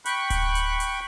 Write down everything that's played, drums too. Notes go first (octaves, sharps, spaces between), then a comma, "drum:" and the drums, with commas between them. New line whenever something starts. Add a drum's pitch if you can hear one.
G5 B5 C#6 F#6, drum: hi-hat
drum: kick D1, hi-hat
drum: hi-hat
drum: hi-hat